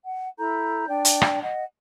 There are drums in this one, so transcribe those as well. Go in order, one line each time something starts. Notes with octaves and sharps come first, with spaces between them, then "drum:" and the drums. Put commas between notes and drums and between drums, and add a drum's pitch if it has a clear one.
F#5
E4 A4 A#5 G6
D4 D5 G5
drum: hi-hat
drum: rim click
D#5 F#5